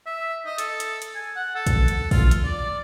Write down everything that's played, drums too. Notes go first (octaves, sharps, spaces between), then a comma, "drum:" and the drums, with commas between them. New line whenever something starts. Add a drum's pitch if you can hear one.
E5
D#5
A4, drum: hi-hat
drum: hi-hat
drum: hi-hat
G#5
F#5
A4
drum: kick, hi-hat
drum: hi-hat
F4, drum: kick, open hi-hat
drum: hi-hat
D5